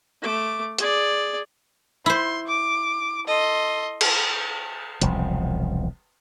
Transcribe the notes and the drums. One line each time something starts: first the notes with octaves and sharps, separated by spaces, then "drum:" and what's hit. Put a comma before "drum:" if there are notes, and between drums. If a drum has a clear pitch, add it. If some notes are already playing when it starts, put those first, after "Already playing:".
A3 D6
G#4 D5, drum: hi-hat
E4 C5 C6
D6
A4 D#5 C6
drum: cymbal
E1 C2 F3, drum: hi-hat